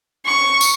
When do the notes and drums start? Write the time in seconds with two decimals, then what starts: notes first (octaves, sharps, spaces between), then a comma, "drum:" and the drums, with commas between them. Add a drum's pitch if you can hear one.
0.26 C#6
0.61 drum: tambourine